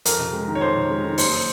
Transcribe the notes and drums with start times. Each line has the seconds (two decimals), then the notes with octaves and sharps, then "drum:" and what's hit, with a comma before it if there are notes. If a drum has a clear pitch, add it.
0.05 F2 A#4, drum: hi-hat
0.19 C3
0.33 G#3
0.48 D#3
0.55 C#5
0.61 F2 C5
0.76 C3
0.90 G#3
1.04 D#3
1.18 F#1 C5, drum: open hi-hat